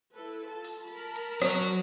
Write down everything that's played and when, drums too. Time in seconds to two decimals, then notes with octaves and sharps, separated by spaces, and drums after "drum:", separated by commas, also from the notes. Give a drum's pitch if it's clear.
0.14 E4 A4 B4
0.48 F4 A5
0.65 drum: open hi-hat
0.86 A#4 A5 B5
1.16 drum: hi-hat
1.42 F#3, drum: rim click